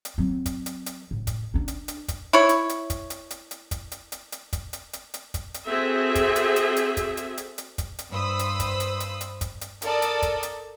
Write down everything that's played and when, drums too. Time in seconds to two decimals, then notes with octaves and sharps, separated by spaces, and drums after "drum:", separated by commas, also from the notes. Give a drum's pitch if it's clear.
0.05 drum: hi-hat
0.18 F#3 C4
0.46 drum: kick, hi-hat
0.66 drum: hi-hat
0.86 drum: hi-hat
1.11 A2
1.27 drum: kick, hi-hat
1.54 C#4 D4
1.68 drum: hi-hat
1.88 drum: hi-hat
2.08 drum: kick, hi-hat
2.33 E4 C#5
2.49 drum: hi-hat
2.69 drum: hi-hat
2.90 drum: kick, hi-hat
3.10 drum: hi-hat
3.30 drum: hi-hat
3.51 drum: hi-hat
3.71 drum: kick, hi-hat
3.92 drum: hi-hat
4.12 drum: hi-hat
4.32 drum: hi-hat
4.53 drum: kick, hi-hat
4.73 drum: hi-hat
4.93 drum: hi-hat
5.14 drum: hi-hat
5.34 drum: kick, hi-hat
5.54 drum: hi-hat
5.68 C4 F#4 G#4 A4 E5
6.15 drum: kick, hi-hat
6.36 drum: hi-hat
6.56 drum: hi-hat
6.76 drum: hi-hat
6.97 drum: kick, hi-hat
7.17 drum: hi-hat
7.37 drum: hi-hat
7.58 drum: hi-hat
7.78 drum: kick, hi-hat
7.99 drum: hi-hat
8.11 G2 C5 B5 D#6 E6
8.39 drum: hi-hat
8.60 drum: kick, hi-hat
8.80 drum: hi-hat
9.00 drum: hi-hat
9.21 drum: hi-hat
9.41 drum: kick, hi-hat
9.61 drum: hi-hat
9.82 A4 A#4 D5 A5 D#6, drum: hi-hat
10.02 drum: hi-hat
10.22 drum: kick, hi-hat
10.43 drum: hi-hat